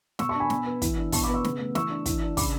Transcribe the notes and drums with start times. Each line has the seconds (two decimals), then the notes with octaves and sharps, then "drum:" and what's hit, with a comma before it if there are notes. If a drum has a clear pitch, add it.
0.19 B2 C#6 E6, drum: snare
0.29 A5 C#6
0.35 D4
0.40 G#5 B5
0.50 B2, drum: snare
0.66 B3
0.82 E3, drum: kick, hi-hat
0.97 D4
1.12 B2 A5 C#6, drum: kick, open hi-hat
1.23 B5 D6
1.29 B3
1.34 C#6 E6
1.45 C#3, drum: snare
1.59 A3
1.75 E3 C#6 E6, drum: snare
1.90 D4
2.06 E3, drum: kick, hi-hat
2.22 D4
2.37 C#3 B5 D6, drum: kick, open hi-hat